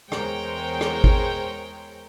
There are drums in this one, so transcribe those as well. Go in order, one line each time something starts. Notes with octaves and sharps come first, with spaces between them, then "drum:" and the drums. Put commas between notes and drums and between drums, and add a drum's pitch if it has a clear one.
E2 G#3 A#4 C5 C#5 G5, drum: rim click
drum: rim click
drum: kick G#1